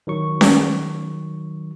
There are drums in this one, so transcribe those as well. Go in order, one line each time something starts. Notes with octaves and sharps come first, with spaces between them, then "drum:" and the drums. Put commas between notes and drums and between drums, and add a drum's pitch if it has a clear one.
D#3 F#3 C#6
drum: snare C#4